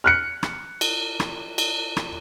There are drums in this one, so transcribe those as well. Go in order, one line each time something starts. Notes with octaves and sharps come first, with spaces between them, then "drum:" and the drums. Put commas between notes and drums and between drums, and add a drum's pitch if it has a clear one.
F6 F#6 C#7
drum: rim click
drum: cymbal
drum: rim click
drum: cymbal
drum: rim click